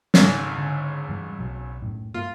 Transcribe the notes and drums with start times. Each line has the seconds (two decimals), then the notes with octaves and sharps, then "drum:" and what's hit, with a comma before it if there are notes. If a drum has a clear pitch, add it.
0.14 G#1 C#2 G#2, drum: snare
0.58 D3
1.09 G2 E3 G3
1.39 B1 B2 F#3
1.82 F#2 A2
2.14 G2 A#3 F4